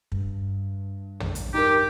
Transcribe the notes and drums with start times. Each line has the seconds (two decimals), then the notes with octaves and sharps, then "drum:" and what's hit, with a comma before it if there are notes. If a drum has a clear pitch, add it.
0.12 G2, drum: kick
1.20 drum: tom
1.35 drum: hi-hat
1.54 D#4 G4 A#4